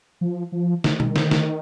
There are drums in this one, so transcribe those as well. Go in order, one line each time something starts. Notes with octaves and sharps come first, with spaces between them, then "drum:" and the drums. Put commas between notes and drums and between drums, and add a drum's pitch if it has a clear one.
F3
F3
D#3, drum: snare
drum: tom
drum: snare
drum: snare